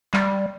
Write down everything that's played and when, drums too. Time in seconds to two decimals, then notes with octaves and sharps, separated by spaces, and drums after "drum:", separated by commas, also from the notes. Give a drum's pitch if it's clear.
0.14 G3, drum: clap